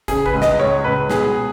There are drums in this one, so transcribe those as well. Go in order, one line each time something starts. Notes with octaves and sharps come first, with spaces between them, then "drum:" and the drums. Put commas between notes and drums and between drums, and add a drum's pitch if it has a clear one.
C#3 G#4, drum: kick, hi-hat
B4, drum: kick
C#2
D#5, drum: snare
C#2 C#5
C#2 B4
B2 G#4, drum: snare